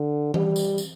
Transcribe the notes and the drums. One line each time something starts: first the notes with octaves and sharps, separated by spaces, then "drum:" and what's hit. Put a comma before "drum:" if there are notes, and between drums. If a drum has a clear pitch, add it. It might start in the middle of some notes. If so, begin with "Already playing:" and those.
Already playing: D3
G3, drum: tom E3
drum: tambourine
drum: tambourine